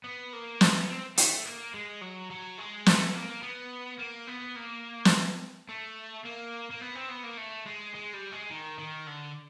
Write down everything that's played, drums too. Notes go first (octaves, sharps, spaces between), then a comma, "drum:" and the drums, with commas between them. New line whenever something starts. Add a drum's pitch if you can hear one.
B3
A#3
B3, drum: snare
B3
C4
A3, drum: hi-hat
A#3
G#3
F#3
F#3
G#3
A3, drum: snare
A#3
B3
A#3
B3
A#3
drum: snare
A3
A#3
A#3
B3
C4
B3
A#3
A3
G#3
G#3
G3
G#3
D#3
D#3
D3